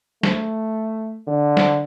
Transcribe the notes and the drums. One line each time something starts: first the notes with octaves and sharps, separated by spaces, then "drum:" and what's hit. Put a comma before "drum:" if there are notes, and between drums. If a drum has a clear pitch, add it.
A3, drum: snare
D3
drum: snare